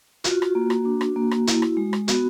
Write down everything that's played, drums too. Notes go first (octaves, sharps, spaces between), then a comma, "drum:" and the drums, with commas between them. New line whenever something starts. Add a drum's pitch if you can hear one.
F4 F#4, drum: hi-hat
F#4, drum: rim click
A#3
drum: rim click
D4
drum: rim click
A#3
drum: rim click
E4, drum: hi-hat
drum: rim click
G#3
drum: rim click
B3 F#4, drum: hi-hat